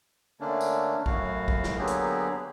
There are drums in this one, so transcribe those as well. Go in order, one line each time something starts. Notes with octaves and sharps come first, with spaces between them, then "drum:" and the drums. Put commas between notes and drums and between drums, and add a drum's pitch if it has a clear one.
D3 A3 A#3 C#4 D4
drum: tambourine
F#2 A2 F#4 F5, drum: kick
drum: kick
drum: snare
D3 F#3 A#3 B3 G4 G#4
drum: hi-hat